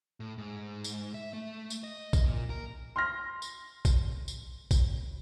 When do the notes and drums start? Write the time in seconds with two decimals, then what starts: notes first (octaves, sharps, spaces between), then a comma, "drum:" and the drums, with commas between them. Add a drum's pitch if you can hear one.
0.20 A2
0.38 G#2
0.84 drum: tambourine
1.14 E5
1.33 A3
1.70 drum: tambourine
1.84 D#5
2.13 drum: kick, tambourine
2.26 A#2
2.50 A#4
2.96 C6 F6 A#6
3.42 drum: tambourine
3.85 drum: kick, tambourine
4.28 drum: tambourine
4.71 drum: kick, tambourine